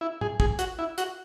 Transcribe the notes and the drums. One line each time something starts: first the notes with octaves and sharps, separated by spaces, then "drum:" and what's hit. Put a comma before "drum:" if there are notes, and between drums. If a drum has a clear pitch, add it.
E4
G#4, drum: tom
G#4, drum: kick
F#4, drum: hi-hat
E4
F#4, drum: hi-hat